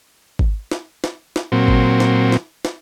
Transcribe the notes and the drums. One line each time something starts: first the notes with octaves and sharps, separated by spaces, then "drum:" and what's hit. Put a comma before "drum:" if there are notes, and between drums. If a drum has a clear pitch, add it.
drum: kick G#1
drum: snare
drum: snare
drum: snare
A#2 F#3 C4
drum: kick G#1
drum: snare
drum: snare
drum: snare